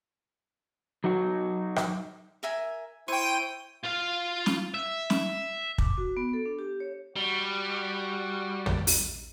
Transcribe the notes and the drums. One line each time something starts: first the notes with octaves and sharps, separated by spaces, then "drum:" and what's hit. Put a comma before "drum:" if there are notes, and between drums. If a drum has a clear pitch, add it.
F#3 D#4 F#4
drum: rim click
A#4 E5 G#5
E4 C5 G5 C#6 D#7
F4 F5
drum: snare
E5
drum: snare
D6, drum: kick
F#4
B3
A4
D4
G4
C#5
G3 F#4
drum: tom
drum: open hi-hat